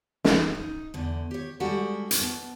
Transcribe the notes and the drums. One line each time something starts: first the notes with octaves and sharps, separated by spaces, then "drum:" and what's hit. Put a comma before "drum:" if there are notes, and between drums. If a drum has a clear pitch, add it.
F#2 D#4 G4, drum: snare
D#4
E2 D3
G4 C#5
G3 G#3 D4 F#4 G4 A4
drum: hi-hat
B2